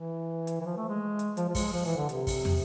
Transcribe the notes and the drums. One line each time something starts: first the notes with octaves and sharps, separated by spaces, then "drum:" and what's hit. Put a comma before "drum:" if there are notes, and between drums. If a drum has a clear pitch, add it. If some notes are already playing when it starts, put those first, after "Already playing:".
Already playing: E3
drum: hi-hat
E3
F3
A3
G#3
drum: hi-hat
F3, drum: hi-hat
F3
G#3, drum: kick, open hi-hat
F3
E3
D3
C3, drum: hi-hat
drum: kick, open hi-hat
drum: tom